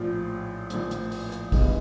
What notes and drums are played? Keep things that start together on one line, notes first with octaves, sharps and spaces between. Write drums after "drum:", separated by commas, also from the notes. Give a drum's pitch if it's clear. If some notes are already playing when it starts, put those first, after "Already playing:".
Already playing: A#1 A2 F3 F4
A#1 A2 F3, drum: hi-hat
drum: hi-hat
drum: open hi-hat
drum: hi-hat
G2 E3 G#3 B3, drum: kick, open hi-hat